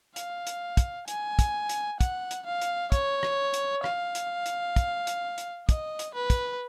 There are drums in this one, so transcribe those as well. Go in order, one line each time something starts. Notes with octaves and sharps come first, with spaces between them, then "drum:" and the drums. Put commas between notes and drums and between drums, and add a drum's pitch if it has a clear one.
F5, drum: hi-hat
drum: hi-hat
drum: kick, hi-hat
G#5, drum: hi-hat
drum: kick, hi-hat
drum: hi-hat
F#5, drum: kick, hi-hat
drum: hi-hat
F5
drum: hi-hat
C#5, drum: kick, hi-hat
drum: rim click
drum: hi-hat
F5, drum: rim click
drum: hi-hat
drum: hi-hat
drum: kick, hi-hat
drum: hi-hat
drum: hi-hat
D#5, drum: kick, hi-hat
drum: hi-hat
B4
drum: kick, hi-hat